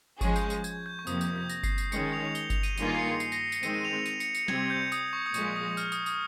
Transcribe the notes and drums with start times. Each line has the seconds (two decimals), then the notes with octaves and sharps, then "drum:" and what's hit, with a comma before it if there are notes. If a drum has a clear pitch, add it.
0.21 F3 G#3 C#4 G#4 C#6, drum: kick G1, tambourine
0.36 G6, drum: tambourine
0.50 drum: tambourine
0.64 G#6, drum: tambourine
0.86 G6
0.99 C#6
1.07 F2 C3 F3 A#3 D#6, drum: tambourine
1.21 G6, drum: tambourine
1.36 G6
1.49 A#6, drum: tambourine
1.64 C7, drum: kick G1, tambourine
1.78 C7, drum: tambourine
1.92 D#3 G#3 C#4 C#7, drum: tambourine
2.13 F7
2.25 F7
2.35 G7, drum: tambourine
2.50 F7, drum: kick G1, tambourine
2.63 D#7, drum: tambourine
2.77 G2 D#3 A#3 F4 G#4 D#7, drum: tambourine
2.95 C7
2.99 C#7
3.20 C7, drum: tambourine
3.32 A#6, drum: tambourine
3.41 C7
3.52 C#7, drum: tambourine
3.63 D#3 G#3 C4 D#7, drum: tambourine
3.74 D#7
3.85 F7
4.06 D#7, drum: tambourine
4.20 C#7, drum: tambourine
4.35 C#7, drum: tambourine
4.48 C3 G3 C4 G#6, drum: snare
4.70 G6
4.92 D#6, drum: tambourine
5.13 C#6
5.26 D#6
5.34 A#2 F3 G#3 C#6, drum: tambourine
5.56 D#6
5.77 F6, drum: tambourine
5.92 D#6, drum: tambourine
6.06 D#6, drum: tambourine